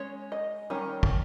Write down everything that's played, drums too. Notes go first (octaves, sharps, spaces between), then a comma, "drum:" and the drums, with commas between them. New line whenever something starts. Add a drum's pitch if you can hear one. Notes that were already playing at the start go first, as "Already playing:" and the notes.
Already playing: G#3 C#4 C#5
D#5
D#3 G3 C#4
drum: kick